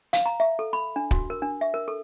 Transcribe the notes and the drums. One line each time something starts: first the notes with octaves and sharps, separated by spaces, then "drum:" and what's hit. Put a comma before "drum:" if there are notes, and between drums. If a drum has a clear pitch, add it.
F5, drum: hi-hat
A#5
E5
A4
B5
D4
F#4, drum: kick
A#4
D4
E5
A#4
A4